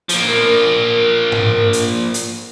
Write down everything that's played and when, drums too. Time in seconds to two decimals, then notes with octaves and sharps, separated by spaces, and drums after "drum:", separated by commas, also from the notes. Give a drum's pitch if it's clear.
0.09 F3 A#3, drum: hi-hat
0.27 A#4
1.32 drum: tom G#2
1.73 drum: hi-hat
2.14 drum: hi-hat